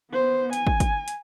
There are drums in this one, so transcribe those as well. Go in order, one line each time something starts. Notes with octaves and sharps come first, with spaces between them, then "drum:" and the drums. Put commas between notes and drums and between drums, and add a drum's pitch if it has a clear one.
B3 C5
G#5, drum: hi-hat
drum: kick
drum: kick, hi-hat
drum: hi-hat